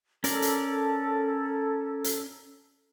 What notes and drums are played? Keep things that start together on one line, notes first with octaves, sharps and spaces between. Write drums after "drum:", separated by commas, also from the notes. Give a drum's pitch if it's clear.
C#4 A4 A#4 D5, drum: hi-hat
drum: hi-hat
drum: hi-hat